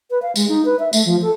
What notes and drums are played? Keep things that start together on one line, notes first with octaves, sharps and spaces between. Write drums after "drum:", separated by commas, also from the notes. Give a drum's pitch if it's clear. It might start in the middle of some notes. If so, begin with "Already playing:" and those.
B4
F5
G#3, drum: tambourine
D#4
B4
E5
A3, drum: tambourine
F3
A4